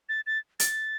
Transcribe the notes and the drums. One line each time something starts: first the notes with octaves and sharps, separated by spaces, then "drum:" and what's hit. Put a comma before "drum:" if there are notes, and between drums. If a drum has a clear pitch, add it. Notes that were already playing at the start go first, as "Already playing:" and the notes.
A6
A6
A6, drum: hi-hat